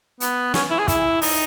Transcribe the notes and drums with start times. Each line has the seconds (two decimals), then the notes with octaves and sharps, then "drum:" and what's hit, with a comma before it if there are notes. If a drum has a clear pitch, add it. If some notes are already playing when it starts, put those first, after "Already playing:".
0.20 B3, drum: hi-hat
0.54 C#4, drum: snare
0.71 E4
0.79 G#4
0.88 E4, drum: kick, hi-hat
1.22 D#4, drum: open hi-hat